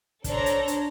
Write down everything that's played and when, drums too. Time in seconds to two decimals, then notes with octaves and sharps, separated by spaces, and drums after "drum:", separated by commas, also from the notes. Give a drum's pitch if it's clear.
0.24 D4 A4 C5 C#5 A#5, drum: kick, hi-hat
0.46 drum: hi-hat
0.68 drum: hi-hat